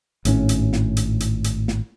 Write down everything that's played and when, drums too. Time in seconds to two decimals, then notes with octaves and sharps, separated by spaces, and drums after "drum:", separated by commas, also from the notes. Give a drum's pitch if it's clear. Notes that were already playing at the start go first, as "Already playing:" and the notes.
0.25 G#1 A2 D3 C#4, drum: hi-hat
0.49 drum: hi-hat
0.73 drum: snare
0.97 drum: hi-hat
1.20 drum: hi-hat
1.44 drum: hi-hat
1.68 drum: snare